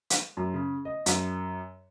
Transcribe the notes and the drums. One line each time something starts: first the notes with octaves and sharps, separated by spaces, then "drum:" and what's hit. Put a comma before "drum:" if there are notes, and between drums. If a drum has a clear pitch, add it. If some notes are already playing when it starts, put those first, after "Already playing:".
drum: hi-hat
F#2
C#3
D#5
F#2, drum: hi-hat